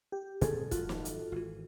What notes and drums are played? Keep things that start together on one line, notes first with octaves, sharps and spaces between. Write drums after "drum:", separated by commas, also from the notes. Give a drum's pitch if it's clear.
G4
A#2 D3 C4 G#4 A4, drum: hi-hat
G#1 F#2 F3 F4 F#4 A4, drum: kick, hi-hat
drum: snare
drum: hi-hat
G#1 E3